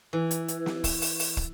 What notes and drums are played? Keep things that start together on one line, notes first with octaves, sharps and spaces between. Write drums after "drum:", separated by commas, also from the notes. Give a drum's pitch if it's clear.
E3
drum: hi-hat
drum: hi-hat
drum: snare
drum: kick, open hi-hat
drum: open hi-hat
drum: open hi-hat
drum: kick